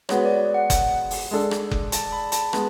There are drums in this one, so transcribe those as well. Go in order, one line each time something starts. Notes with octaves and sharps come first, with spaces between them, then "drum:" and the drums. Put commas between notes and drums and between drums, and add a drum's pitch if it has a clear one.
G#3 B3 F#4 B4 C#5, drum: rim click
D5
F#5
drum: kick F#1, hi-hat
drum: open hi-hat
G#3 D4 A4
drum: rim click
drum: kick F#1
A5, drum: hi-hat
B5
A5, drum: hi-hat
G#3 B3, drum: rim click